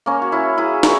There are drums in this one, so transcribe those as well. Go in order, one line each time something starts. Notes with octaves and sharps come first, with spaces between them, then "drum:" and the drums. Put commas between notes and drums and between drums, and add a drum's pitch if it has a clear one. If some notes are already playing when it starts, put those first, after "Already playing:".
A#3 C#4
F#4
C#4 E4
E4 G#4
F#4 A#4, drum: snare